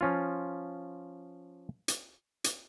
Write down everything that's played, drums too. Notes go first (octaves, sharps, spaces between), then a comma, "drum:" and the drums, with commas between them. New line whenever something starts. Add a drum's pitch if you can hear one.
F3 C#4 F4
drum: hi-hat
drum: hi-hat